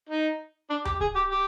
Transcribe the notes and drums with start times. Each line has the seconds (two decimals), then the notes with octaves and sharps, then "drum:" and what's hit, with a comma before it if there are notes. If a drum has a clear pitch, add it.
0.09 D#4
0.70 D4
0.85 G4, drum: tom D#2
1.01 G#4, drum: kick C#1
1.15 G4
1.31 G4